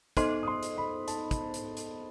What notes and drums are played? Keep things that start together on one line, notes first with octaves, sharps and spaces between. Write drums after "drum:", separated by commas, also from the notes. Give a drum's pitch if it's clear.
B3 D#4 A4 C5 D#5 C6, drum: kick, hi-hat
D#6
C6
drum: hi-hat
B5
A5, drum: hi-hat
drum: kick, hi-hat
drum: hi-hat
drum: hi-hat